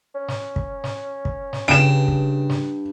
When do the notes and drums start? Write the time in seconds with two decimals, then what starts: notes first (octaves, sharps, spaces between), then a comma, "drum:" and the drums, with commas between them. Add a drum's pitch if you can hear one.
0.15 C#4
0.28 drum: snare
0.56 drum: kick
0.84 drum: snare
1.25 drum: kick
1.53 drum: snare
1.68 G2 C#3 G5 D7 E7
2.08 drum: kick
2.49 drum: snare